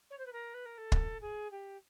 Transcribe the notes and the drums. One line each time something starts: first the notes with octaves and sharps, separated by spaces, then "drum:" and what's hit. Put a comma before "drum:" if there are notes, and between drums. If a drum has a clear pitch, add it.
C#5
C5
B4
A#4
B4
A#4
A4
drum: kick
G#4
G4